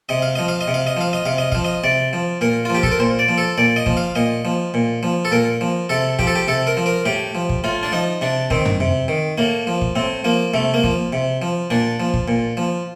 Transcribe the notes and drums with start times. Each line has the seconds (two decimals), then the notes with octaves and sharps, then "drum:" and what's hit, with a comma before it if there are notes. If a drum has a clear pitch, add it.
0.09 C3 D#5
0.22 F5
0.35 F3 D#5
0.48 F5
0.61 D#5
0.68 C3
0.74 F5
0.87 D#5
0.97 F3 F5
1.13 D#5
1.26 C3 F5
1.38 D#5
1.52 F3 F5, drum: kick
1.64 D#5
1.84 C3 D5
2.13 F3
2.41 A#2 A#4
2.65 F4
2.70 F3 G4
2.83 A4, drum: kick
2.92 A#4
2.99 A#2 C5
3.19 D5
3.29 F3
3.38 A4
3.58 A#2 D5
3.76 D#5
3.86 F3, drum: kick
3.97 F5
4.15 A#2 D#5
4.45 F3
4.74 A#2
5.03 F3
5.25 A4
5.31 A#2 A#4
5.61 F3
5.89 C3 A4
6.19 F3 G4, drum: kick
6.27 A4
6.36 G4
6.48 C3 A4
6.67 A#4
6.77 F3
6.86 A#4
7.05 A2 G4
7.35 F3
7.49 drum: kick
7.64 A2 F4
7.83 D4
7.92 F3 D#4
8.22 C3 D4
8.50 D#3 C4, drum: kick
8.65 drum: tom
8.80 C3
9.08 D#3
9.38 A2 A#3
9.67 F3
9.81 drum: kick
9.96 A2 C4
10.24 F3 A#3
10.54 C3 A3
10.74 A#3
10.84 F3, drum: kick
11.13 C3
11.42 F3
11.70 A#2 D4
12.00 F3
12.14 drum: kick
12.28 A#2
12.57 F3